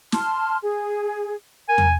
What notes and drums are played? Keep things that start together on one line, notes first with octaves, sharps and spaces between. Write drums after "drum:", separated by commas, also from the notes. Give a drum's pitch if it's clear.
A5 C6 F6, drum: snare
G#4
A#4 G#5
drum: tom